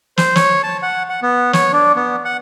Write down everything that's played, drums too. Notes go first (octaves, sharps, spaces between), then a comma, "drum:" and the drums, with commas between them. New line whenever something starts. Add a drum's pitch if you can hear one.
C5, drum: snare
C#5, drum: snare
A5
F#5
F#5
B3
C#5, drum: snare
D4
B3
F#5